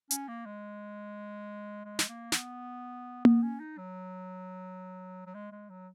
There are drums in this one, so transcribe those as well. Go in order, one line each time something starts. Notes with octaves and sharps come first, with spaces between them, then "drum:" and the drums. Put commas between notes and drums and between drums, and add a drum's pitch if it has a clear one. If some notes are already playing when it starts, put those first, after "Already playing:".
C#4, drum: hi-hat
A#3
G#3
G#3
drum: snare
A#3
B3, drum: snare
B3, drum: tom A#3
C#4
D#4
F#3
F#3
G#3
G#3
F#3